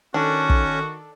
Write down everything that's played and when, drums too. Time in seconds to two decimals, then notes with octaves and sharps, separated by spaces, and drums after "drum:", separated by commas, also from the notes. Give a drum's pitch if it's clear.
0.14 D#3 C#4 D4 F#4 A4
0.49 drum: kick